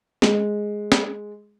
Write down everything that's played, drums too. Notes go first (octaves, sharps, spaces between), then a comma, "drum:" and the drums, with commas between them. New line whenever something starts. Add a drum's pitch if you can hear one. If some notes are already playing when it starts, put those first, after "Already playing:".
G#3, drum: snare
drum: snare